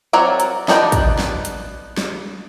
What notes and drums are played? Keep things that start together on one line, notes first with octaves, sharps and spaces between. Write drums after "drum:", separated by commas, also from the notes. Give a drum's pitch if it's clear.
F#3 C4 A#4 C#5 D5
drum: hi-hat
B3 D4 D#4 C5 D5, drum: snare
drum: kick, hi-hat
drum: snare
drum: hi-hat
drum: snare